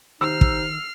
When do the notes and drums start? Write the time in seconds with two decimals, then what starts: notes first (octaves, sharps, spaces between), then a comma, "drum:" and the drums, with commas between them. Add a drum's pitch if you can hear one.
0.21 C3 D#3 D#4 E6 F6 C7
0.41 drum: kick